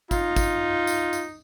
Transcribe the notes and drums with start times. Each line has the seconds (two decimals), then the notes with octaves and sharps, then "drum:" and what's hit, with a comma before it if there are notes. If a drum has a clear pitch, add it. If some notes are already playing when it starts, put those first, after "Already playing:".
0.11 D#4 F4, drum: kick, tambourine
0.36 drum: kick, tambourine
0.87 drum: tambourine
1.13 drum: tambourine